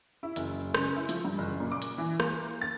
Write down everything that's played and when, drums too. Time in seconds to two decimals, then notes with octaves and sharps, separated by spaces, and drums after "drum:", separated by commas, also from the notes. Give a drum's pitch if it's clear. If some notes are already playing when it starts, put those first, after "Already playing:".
0.23 E4
0.36 F#1, drum: hi-hat
0.74 C#3, drum: rim click
0.96 E4
1.09 F3, drum: hi-hat
1.25 G2
1.38 F#1
1.60 A#2
1.72 D6
1.82 drum: hi-hat
1.98 E3
2.20 A#3, drum: rim click
2.61 A6